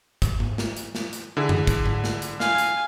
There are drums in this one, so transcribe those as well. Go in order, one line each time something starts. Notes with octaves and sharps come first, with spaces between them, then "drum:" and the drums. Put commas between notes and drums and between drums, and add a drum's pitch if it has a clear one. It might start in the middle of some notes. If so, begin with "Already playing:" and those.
drum: kick, hi-hat
drum: tom G#2
drum: snare
drum: hi-hat
drum: snare
drum: hi-hat
D3 E4 G#4
drum: tom F#2
drum: kick, hi-hat
drum: tom G#2
drum: snare
drum: hi-hat
F5 G#5, drum: snare
drum: hi-hat